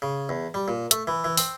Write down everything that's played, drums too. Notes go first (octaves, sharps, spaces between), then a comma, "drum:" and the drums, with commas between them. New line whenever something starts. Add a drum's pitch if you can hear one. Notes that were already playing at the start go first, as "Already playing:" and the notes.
C#3
E2
G3
A#2
A3, drum: hi-hat
E3
E3
C4, drum: open hi-hat